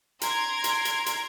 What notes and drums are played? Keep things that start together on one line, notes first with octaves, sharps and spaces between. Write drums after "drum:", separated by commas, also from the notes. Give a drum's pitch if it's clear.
A#5 C6 G#6 D7, drum: hi-hat
drum: hi-hat
drum: hi-hat
drum: hi-hat